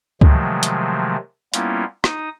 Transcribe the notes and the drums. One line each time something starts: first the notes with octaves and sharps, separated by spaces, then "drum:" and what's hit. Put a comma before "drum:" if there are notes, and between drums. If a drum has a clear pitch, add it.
C3 D#3 F3 F#3 G#3 A3, drum: kick C#2
drum: hi-hat
G3 A#3 B3 C#4 E4 F4, drum: hi-hat
D#4 D#6, drum: rim click